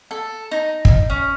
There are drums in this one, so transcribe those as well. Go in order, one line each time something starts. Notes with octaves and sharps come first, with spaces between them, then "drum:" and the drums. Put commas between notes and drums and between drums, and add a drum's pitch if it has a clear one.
A4
D#4
drum: kick
C#4